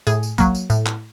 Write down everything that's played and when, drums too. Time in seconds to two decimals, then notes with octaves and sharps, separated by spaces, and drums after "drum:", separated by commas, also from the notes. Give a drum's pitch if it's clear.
0.07 A2 G#4, drum: tambourine
0.23 drum: tambourine
0.38 F#3 A#3, drum: kick, tambourine
0.55 drum: tambourine
0.70 A2, drum: tambourine
0.86 drum: clap